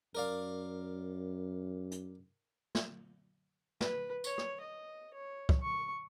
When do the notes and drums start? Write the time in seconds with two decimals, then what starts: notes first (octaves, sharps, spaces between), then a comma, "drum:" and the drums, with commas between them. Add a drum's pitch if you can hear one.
0.15 F#2 A#4 D5 F5
1.91 drum: hi-hat
2.75 drum: snare
3.80 B4, drum: snare
4.24 C#5, drum: tambourine
4.38 drum: rim click
4.60 D#5
5.14 C#5
5.49 drum: kick
5.60 C#6